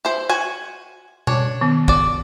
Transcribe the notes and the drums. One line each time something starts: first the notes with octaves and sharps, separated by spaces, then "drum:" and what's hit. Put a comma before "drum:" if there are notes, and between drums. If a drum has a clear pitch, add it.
E4 G#4 C5
F#4 G#5
D4 C#5, drum: tom B2
D#3 B3
F#4 D5, drum: kick